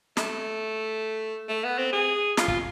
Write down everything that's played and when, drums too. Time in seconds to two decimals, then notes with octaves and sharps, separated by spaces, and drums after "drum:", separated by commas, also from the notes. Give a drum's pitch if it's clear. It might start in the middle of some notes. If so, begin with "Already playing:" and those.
0.17 A3, drum: snare
1.49 A3
1.64 B3
1.78 C4
1.93 G#4
2.37 F4, drum: snare
2.48 F4, drum: kick